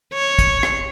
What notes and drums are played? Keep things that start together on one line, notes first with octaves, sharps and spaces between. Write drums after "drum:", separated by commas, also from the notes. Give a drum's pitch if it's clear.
C#5
drum: kick, hi-hat
drum: rim click